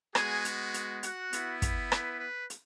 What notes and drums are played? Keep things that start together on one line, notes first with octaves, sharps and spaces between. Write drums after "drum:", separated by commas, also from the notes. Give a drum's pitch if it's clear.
G#3 B3 F#4 G#4 G#5, drum: rim click
drum: hi-hat
drum: hi-hat
F#4 F#5, drum: hi-hat
B3 E4, drum: hi-hat
drum: kick, hi-hat
B4, drum: rim click
B4
drum: hi-hat